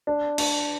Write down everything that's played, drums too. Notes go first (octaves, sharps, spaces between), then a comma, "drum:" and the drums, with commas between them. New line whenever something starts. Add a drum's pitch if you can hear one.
D4
D4, drum: cymbal